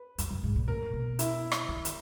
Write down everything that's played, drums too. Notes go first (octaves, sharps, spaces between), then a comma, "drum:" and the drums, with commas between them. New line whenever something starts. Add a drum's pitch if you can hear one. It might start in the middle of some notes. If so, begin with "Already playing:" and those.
Already playing: B4
F#2, drum: hi-hat
F#2
G#2
A#2
A#2 A#4
B2
E4, drum: hi-hat
drum: rim click
D#3
drum: hi-hat